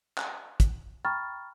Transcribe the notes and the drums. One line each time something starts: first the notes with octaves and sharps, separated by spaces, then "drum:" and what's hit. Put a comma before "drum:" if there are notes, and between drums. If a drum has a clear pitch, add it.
F#6, drum: clap
drum: kick, hi-hat
G5 A#5 B5 C#6 F6 A6